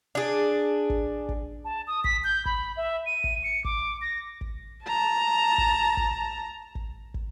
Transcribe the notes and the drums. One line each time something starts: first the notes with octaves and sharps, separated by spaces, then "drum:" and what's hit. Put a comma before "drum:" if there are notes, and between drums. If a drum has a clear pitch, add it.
D4 G#4
drum: kick
drum: kick
A5
D#6
B6, drum: kick
G6
B5, drum: kick
E5
D#7
drum: kick
C#7
D6, drum: kick
A#6
drum: kick
A5 A#5
drum: kick
drum: kick
drum: kick
drum: kick